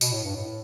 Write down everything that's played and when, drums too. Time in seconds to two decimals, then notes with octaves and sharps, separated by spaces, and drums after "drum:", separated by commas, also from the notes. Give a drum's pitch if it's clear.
0.01 B2, drum: tambourine
0.13 A2
0.24 G2
0.36 A2